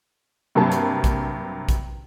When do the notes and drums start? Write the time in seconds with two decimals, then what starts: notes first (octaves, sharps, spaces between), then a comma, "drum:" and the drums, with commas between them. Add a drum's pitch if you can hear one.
0.55 G2 C3 F#3 A#3 A5
0.72 drum: hi-hat
1.04 drum: kick A#1, hi-hat
1.69 drum: kick A#1, hi-hat